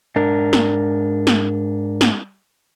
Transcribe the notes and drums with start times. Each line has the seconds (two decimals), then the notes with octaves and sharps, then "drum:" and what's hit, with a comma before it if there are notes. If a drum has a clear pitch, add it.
0.16 G#2 D4 A#4
0.53 drum: snare
1.27 drum: snare
2.01 drum: snare